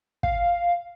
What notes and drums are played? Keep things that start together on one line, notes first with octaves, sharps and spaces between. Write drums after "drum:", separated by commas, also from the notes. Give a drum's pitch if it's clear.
F5, drum: kick